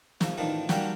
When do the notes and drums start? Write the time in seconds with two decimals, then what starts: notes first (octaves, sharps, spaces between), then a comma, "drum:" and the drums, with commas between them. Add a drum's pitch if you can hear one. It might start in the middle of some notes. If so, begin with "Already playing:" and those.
0.21 A#1 F3, drum: snare
0.38 A1 D#3 F3 D4
0.69 G3 A#3 C#4 D4 F#4 G4, drum: snare